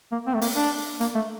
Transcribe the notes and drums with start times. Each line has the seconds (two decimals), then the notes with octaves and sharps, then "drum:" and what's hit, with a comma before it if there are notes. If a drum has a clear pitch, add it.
0.12 A#3
0.27 C4
0.34 A3
0.41 A#3, drum: open hi-hat
0.56 D4
1.01 A#3, drum: hi-hat
1.15 A3